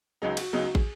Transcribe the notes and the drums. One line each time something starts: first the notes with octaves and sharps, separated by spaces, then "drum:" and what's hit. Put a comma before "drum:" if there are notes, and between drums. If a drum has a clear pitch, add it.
C#2 C#3 F#3 D#4 G#4
F#4, drum: cymbal
C#2 C#3 F#3 D#4 G#4
F#4
G#4, drum: kick